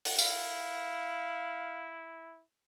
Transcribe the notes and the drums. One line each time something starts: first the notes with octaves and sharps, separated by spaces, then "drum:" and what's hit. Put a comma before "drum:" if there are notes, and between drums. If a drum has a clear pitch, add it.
drum: open hi-hat
E4 F5, drum: tambourine